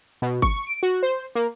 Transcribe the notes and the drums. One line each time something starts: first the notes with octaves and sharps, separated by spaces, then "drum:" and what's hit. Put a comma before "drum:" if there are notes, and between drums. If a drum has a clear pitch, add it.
B2
C#6, drum: kick G1
D7
F#4
C5
A#3